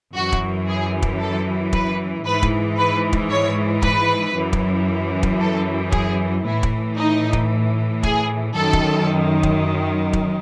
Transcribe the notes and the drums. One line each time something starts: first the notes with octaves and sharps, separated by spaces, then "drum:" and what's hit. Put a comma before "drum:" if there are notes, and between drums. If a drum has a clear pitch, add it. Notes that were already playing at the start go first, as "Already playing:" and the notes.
F#2 E3 F#4
drum: kick
G#4
drum: kick
A4
B4, drum: kick
G#2 E3 B4
drum: kick
B4
drum: kick
C#5
B4, drum: kick
F#2 E3
drum: kick
drum: kick
A4
G#4, drum: kick
A2 E3 E4
drum: kick
D#4
drum: kick
G#4, drum: kick
F#2 D#3 A4
drum: kick
drum: kick
drum: kick